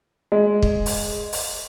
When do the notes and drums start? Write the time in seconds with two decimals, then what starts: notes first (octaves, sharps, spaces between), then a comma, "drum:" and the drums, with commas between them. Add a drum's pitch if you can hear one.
0.32 G#3
0.62 drum: kick
0.86 drum: open hi-hat
1.33 drum: open hi-hat